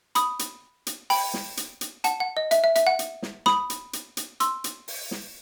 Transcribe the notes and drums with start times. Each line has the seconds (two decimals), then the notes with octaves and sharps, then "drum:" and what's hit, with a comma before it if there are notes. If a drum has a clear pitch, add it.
0.15 B5 D#6, drum: hi-hat
0.39 drum: hi-hat
0.87 drum: hi-hat
1.10 G5 B5, drum: open hi-hat
1.34 drum: snare
1.57 drum: hi-hat
1.81 drum: hi-hat
2.04 F#5 A5, drum: hi-hat
2.20 F#5
2.37 D#5
2.51 E5, drum: hi-hat
2.64 E5
2.76 E5, drum: hi-hat
2.87 F#5
2.99 drum: hi-hat
3.22 drum: snare
3.46 B5 D#6, drum: snare
3.70 drum: hi-hat
3.93 drum: hi-hat
4.17 drum: hi-hat
4.40 C6 E6, drum: hi-hat
4.64 drum: hi-hat
4.88 drum: open hi-hat
5.11 drum: snare